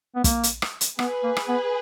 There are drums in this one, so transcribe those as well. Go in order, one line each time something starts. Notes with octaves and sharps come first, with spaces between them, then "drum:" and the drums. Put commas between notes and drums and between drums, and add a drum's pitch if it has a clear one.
B3
A#3, drum: kick, hi-hat
drum: hi-hat
drum: rim click
drum: hi-hat
B3 G#4 B4, drum: rim click
A#3
drum: rim click
B3